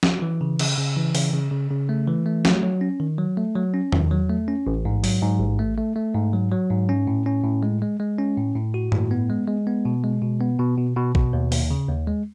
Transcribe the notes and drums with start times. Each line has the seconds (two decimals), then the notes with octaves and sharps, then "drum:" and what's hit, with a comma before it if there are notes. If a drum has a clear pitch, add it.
0.03 drum: snare
0.22 E3
0.41 C#3
0.59 C#3, drum: cymbal
0.78 C#3
0.97 E3
1.15 C#3, drum: open hi-hat
1.33 C#3
1.52 C#3
1.71 C#3
1.89 A3
2.08 E3
2.26 A3
2.45 F#3, drum: snare
2.63 F#3
2.81 C#4
3.00 D#3
3.18 F#3
3.37 A3
3.55 F#3
3.74 C#4
3.92 D#3, drum: tom E2
4.11 F#3
4.30 A3
4.48 C#4
4.67 A1
4.85 G#2
5.04 F#3, drum: open hi-hat
5.22 G#2
5.40 A1
5.59 A3
5.78 A3
5.96 A3
6.15 G#2
6.33 F#3
6.52 F#3
6.70 G#2
6.89 C#4
7.07 A2
7.26 C#4
7.44 A2
7.63 G#3
7.82 G#3
8.00 G#3
8.18 C#4
8.37 A2
8.55 A2
8.74 F#4
8.92 A2, drum: tom G2
9.11 B3
9.30 G#3
9.48 G#3
9.67 B3
9.85 B2
10.04 G#3
10.22 B2
10.41 B3
10.59 B2
10.78 B2
10.96 B2
11.15 B2, drum: kick
11.33 D#2
11.52 D#2, drum: open hi-hat
11.70 C#3
11.89 D#2
12.07 G#3